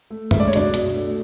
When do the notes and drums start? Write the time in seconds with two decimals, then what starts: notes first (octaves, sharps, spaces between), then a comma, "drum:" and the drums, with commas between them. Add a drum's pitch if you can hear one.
0.10 A3
0.31 C#2 E5, drum: tom F#2
0.40 D5
0.48 C#5
0.53 B2 D4 D5, drum: hi-hat
0.74 B2, drum: hi-hat
0.95 A3